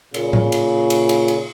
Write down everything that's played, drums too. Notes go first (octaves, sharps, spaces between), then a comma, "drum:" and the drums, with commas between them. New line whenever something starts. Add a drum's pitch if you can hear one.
A#2 C#3, drum: cymbal
drum: tom A2
drum: cymbal
drum: cymbal
drum: cymbal
drum: cymbal